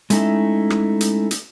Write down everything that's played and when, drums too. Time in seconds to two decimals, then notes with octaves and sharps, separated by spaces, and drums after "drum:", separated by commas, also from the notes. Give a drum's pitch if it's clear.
0.10 G#3 A3 C#4 D#4 E4, drum: hi-hat
0.70 drum: rim click
1.01 drum: hi-hat
1.31 drum: hi-hat